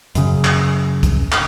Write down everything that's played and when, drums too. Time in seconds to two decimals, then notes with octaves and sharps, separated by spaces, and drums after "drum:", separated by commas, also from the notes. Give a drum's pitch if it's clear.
0.15 F#2 C#3, drum: hi-hat
0.45 drum: clap
1.03 drum: kick, hi-hat
1.32 drum: clap